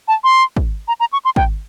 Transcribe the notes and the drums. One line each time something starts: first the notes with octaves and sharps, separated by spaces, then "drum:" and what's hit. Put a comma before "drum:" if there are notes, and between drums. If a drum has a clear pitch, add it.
A5
C6
drum: kick
A#5
A#5
C#6
C6
G5, drum: kick